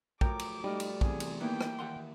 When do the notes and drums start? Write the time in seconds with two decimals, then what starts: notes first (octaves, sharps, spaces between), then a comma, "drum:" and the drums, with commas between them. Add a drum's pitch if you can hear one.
0.21 A2 F3 F#3 A#4 G5 D6, drum: kick A#1
0.39 drum: cymbal
0.64 G3 A3 D#4 F4 D5
0.80 drum: cymbal
1.01 E2 C3 G#4, drum: kick A#1
1.20 drum: cymbal
1.40 D#3 E3 A#3 B3 G5
1.61 drum: rim click
1.79 D#2 F#5 C6